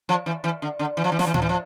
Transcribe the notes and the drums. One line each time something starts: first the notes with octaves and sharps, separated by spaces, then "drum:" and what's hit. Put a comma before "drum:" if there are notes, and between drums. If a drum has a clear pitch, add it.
F3
E3
E3
D3
D3
E3
F3
E3
F3, drum: snare
E3
F3, drum: tom A2
E3
F3